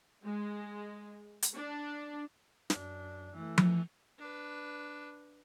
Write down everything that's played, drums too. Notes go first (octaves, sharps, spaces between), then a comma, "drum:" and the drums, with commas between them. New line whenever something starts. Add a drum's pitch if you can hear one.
G#3
drum: hi-hat
D4
F#2 D4, drum: snare
E3 A3
drum: tom F3
D4 B4